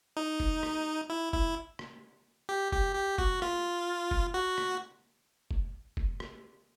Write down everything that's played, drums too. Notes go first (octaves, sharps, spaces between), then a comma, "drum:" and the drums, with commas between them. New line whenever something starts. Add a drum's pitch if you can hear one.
D#4
drum: kick
drum: rim click
E4
E4, drum: kick
drum: rim click
G4
G4, drum: kick
G4
F#4, drum: kick
F4, drum: rim click
drum: kick
F#4
drum: rim click
drum: kick
drum: kick
drum: rim click